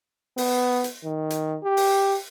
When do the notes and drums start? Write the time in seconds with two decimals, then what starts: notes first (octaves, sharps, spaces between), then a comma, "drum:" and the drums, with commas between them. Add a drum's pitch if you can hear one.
0.38 B3, drum: open hi-hat
0.84 drum: hi-hat
1.05 D#3
1.30 drum: hi-hat
1.64 G4
1.77 drum: open hi-hat